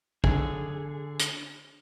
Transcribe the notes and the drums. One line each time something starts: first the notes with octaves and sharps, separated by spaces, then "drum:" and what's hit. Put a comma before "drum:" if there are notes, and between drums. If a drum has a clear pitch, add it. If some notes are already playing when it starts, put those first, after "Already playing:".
D3 G#4, drum: kick
drum: hi-hat